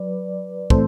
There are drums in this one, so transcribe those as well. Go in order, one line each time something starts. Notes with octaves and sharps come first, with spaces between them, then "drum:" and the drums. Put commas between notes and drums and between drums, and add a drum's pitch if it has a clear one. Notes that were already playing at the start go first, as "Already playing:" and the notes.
Already playing: F#3 B4 D5
A2 E3 A3 C4 A4 C5, drum: kick